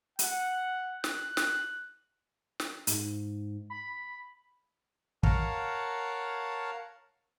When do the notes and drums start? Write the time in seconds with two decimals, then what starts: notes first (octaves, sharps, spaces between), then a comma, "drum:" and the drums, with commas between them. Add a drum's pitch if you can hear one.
0.19 F#5, drum: hi-hat
1.04 F#6, drum: snare
1.37 drum: snare
2.60 drum: snare
2.87 G#2, drum: hi-hat
3.70 B5
5.23 A#4 C#5 F5 F#5 A5 A#5, drum: kick